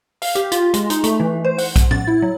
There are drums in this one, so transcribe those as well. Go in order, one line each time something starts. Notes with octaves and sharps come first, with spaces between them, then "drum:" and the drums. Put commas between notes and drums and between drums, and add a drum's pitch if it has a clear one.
F5, drum: open hi-hat
G4, drum: hi-hat
F4, drum: hi-hat
G#3, drum: hi-hat
D#4, drum: hi-hat
A3, drum: hi-hat
E3
C5
F#5, drum: open hi-hat
drum: kick, hi-hat
A6, drum: tom A2
E4
F#3